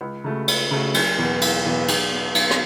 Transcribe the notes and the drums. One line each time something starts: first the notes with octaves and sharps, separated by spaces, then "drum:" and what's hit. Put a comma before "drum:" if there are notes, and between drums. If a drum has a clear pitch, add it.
C#2
C#3 A3 F#4
C#2, drum: cymbal
C#3 A3 F#4
F#1, drum: cymbal
E2 B2 B3
F#1, drum: cymbal
E2 B2 B3
B1, drum: cymbal
B2 B3
B1, drum: cymbal
drum: rim click